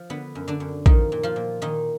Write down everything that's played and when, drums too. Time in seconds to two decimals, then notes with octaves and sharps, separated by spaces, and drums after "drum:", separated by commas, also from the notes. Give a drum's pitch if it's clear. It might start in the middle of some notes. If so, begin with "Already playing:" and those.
Already playing: F3
0.10 D3 B3
0.35 F#2
0.48 D3 D4
0.60 F#2
0.86 D#3 F3 D#4, drum: kick
1.12 A#2
1.23 F3 F4
1.36 A#2
1.62 A#2 D#3 D#4